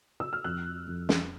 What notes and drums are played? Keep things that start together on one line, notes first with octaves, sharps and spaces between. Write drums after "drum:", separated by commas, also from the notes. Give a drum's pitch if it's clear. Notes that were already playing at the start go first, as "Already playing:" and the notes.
E6
F6
F2 F#6
F2
drum: snare